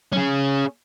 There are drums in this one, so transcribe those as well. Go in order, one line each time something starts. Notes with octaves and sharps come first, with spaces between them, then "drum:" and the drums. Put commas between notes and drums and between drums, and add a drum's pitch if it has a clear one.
C#4 G#4, drum: tom F3